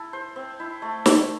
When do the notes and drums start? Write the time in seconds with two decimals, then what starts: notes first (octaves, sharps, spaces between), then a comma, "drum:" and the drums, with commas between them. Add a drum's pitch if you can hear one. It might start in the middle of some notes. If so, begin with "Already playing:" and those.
Already playing: E4 A4
0.13 C5
0.36 C4
0.60 E4
0.82 A3
1.06 drum: snare